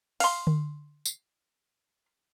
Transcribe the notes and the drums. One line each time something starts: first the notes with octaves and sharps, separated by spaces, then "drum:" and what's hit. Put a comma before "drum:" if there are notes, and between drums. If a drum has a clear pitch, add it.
F5 C6, drum: open hi-hat
drum: tom D3
drum: tambourine